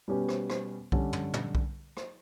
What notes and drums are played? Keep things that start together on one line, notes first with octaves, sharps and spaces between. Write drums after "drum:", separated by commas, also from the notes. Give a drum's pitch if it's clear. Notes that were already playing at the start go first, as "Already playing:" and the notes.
B2 G3 C#4 G4 B4
drum: rim click
drum: rim click
D3 G3 C#4, drum: kick B1
drum: tom
drum: tom
drum: kick B1
drum: rim click